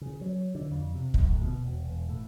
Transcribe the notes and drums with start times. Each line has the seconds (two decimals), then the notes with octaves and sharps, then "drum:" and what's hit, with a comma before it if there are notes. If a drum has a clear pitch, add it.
0.01 C#3
0.21 F#3
0.55 D3
0.71 F2
0.94 C3
1.14 F#2, drum: kick
1.30 D2
1.43 B2
1.64 E1
1.86 E1
2.09 A2